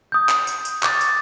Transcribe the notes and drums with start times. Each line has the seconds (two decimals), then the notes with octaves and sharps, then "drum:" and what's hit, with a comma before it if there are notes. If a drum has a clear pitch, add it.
0.12 D#6 G6
0.29 drum: clap
0.47 drum: tambourine
0.65 drum: tambourine
0.83 C#6 D6 A6, drum: clap
1.01 drum: tambourine